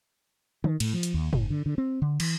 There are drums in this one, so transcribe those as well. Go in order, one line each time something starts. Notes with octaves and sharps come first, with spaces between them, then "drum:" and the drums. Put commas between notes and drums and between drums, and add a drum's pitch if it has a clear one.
D#3, drum: tom
A2, drum: cymbal
F3
drum: hi-hat
D#2
F#1, drum: tom
D3
D3
C4
D3
E3, drum: cymbal